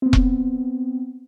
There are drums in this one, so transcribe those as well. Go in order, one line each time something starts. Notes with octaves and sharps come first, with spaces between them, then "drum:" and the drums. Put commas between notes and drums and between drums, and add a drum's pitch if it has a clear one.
B3 C4
drum: kick E1